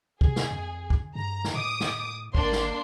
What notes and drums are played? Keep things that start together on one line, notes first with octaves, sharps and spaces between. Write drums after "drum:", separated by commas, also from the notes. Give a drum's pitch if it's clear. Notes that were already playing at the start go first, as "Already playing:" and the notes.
C3 G#4, drum: kick
drum: snare
F2
drum: kick
G2 A#5
drum: snare
A2 D6 D#6
drum: snare
G#1 A#3 D4 C6, drum: kick
drum: snare